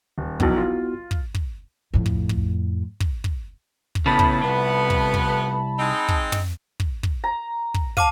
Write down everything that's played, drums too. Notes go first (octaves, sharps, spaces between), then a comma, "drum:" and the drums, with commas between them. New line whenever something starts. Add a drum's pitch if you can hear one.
D#1
F1 B1 B3 E4 F#4, drum: kick
F4
drum: kick
drum: kick
F2 A2
drum: kick
drum: kick
drum: kick
drum: kick
drum: kick
A2 C#3 B3 A5 B5
drum: kick
C2 F2 A2 B3
drum: kick
drum: kick
G#3 C4 D#4
drum: kick
drum: tom
drum: kick
drum: kick
A#5
drum: kick
F5 A5 D6 D#7, drum: kick